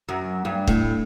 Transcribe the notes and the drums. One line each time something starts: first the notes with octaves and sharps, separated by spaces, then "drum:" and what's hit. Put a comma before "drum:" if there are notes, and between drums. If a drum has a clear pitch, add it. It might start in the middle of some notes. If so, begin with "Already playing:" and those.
F#2
G2
A2, drum: kick